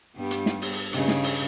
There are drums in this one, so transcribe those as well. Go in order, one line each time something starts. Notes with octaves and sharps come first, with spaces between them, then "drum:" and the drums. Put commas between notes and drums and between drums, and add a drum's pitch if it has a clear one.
G2 G3 B3
drum: hi-hat
drum: snare
drum: open hi-hat
G2 C#3 D#4, drum: hi-hat
drum: snare
drum: open hi-hat